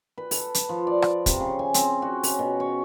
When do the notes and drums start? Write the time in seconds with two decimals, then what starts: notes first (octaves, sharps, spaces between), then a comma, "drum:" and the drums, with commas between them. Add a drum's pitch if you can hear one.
0.18 B4
0.31 A4, drum: open hi-hat
0.54 drum: hi-hat
0.69 F3
0.87 D5
1.02 drum: rim click
1.26 C3, drum: kick, hi-hat
1.40 C#3
1.59 G#5
1.74 C4, drum: hi-hat
2.02 F#4
2.23 C#4, drum: open hi-hat
2.39 B2
2.60 C#5